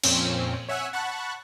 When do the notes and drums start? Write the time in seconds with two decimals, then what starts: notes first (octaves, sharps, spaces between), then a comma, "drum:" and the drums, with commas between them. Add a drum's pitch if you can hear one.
0.03 F2 A#2 C4 C#4, drum: cymbal
0.69 C#5 E5 F#5 G#5 E6 F#6
0.93 F#5 A5 B5 C#6 F#6